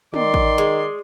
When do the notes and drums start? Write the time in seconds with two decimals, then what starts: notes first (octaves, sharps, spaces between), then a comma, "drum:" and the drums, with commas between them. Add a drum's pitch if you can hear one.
0.14 D#3 D5 C6, drum: tom
0.34 drum: kick A1
0.58 G#3